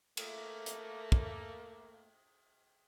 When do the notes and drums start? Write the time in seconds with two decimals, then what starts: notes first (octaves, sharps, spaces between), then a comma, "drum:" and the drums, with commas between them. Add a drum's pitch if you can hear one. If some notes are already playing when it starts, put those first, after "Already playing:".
0.17 A3 A#3, drum: cymbal
0.66 drum: hi-hat
1.12 drum: kick